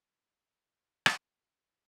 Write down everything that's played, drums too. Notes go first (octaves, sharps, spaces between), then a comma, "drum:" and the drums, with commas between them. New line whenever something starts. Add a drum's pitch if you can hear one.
F5 A#5 B5 G6 E7
drum: rim click